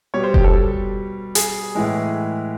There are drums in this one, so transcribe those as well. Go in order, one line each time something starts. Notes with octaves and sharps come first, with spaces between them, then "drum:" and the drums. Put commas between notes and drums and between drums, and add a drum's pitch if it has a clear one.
B2 G3 C#5
C5
G4, drum: kick F1
A4
G#4, drum: hi-hat
A2 E3 G#3